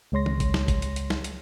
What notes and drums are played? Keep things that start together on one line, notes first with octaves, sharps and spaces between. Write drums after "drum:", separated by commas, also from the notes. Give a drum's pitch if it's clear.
C#2 G#3 C#5 C6 A#6
drum: tom
drum: kick G#1, hi-hat
drum: snare
drum: kick G#1, hi-hat
drum: hi-hat
drum: hi-hat
drum: snare
drum: hi-hat